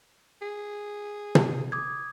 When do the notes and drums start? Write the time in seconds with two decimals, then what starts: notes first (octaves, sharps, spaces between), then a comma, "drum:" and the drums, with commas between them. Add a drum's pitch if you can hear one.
0.42 G#4
1.35 drum: tom
1.72 D6 D#6 G#6